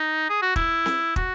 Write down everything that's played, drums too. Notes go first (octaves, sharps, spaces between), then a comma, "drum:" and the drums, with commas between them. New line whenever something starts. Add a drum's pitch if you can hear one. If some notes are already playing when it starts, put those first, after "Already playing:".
Already playing: D#4
G#4
F#4
E4, drum: kick
drum: snare C4
F#4, drum: kick